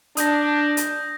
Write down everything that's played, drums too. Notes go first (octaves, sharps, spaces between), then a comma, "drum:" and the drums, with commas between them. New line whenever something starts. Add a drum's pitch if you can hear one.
D4 D#6 G6 A#6, drum: hi-hat
drum: hi-hat